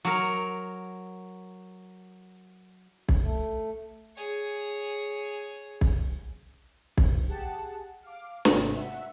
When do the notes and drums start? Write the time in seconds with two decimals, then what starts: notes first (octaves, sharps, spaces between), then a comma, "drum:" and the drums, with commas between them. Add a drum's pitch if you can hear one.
0.05 F#3 A#4
3.09 drum: kick
3.22 A3
4.16 G#4 C#5
5.81 drum: kick
6.97 G#2 B2, drum: kick
7.29 G4 G#4 F#5 A5
8.03 F5 D6
8.45 G#1 C3 C4, drum: snare
8.76 E5 F#5